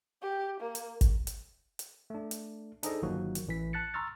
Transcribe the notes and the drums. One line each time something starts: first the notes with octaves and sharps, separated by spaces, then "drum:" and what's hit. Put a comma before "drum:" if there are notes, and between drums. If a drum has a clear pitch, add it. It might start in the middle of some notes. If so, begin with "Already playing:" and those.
G4
A#3
drum: hi-hat
drum: kick G#1, hi-hat
drum: hi-hat
drum: hi-hat
A3 D4
drum: hi-hat
D4 D#4 G#4 A4 C5 D#5, drum: hi-hat
G1 D#3 F3 F#3 A#3 F#4
drum: hi-hat
A1 E3 B6
A5 F#6 A6 C#7
A#5 C6 C#6 E6 F6 A6